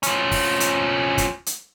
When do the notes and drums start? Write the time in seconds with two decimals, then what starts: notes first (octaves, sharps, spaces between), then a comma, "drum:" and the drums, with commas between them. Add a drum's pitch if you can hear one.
0.03 F3 C#4, drum: hi-hat
0.31 drum: kick, open hi-hat
0.60 drum: hi-hat
1.18 drum: kick, hi-hat
1.46 drum: hi-hat